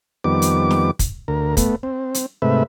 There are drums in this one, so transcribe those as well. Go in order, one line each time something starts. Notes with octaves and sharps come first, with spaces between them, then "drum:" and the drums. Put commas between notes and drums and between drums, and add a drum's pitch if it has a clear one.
F2 D#3 G3 B3 D6
drum: hi-hat
drum: snare
drum: kick, hi-hat
D2 A#4
A3 B3, drum: kick, hi-hat
C4
drum: hi-hat
G#2 C3 A3 B4 E5